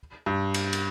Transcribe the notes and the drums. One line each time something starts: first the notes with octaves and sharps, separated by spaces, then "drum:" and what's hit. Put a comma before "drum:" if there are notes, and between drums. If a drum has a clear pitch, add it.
G2
drum: cymbal
drum: cymbal